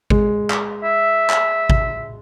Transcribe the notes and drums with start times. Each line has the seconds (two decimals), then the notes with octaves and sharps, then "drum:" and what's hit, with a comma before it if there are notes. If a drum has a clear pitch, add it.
0.10 G#3, drum: kick G#1
0.50 drum: clap
0.84 E5
1.30 drum: clap
1.70 drum: kick G#1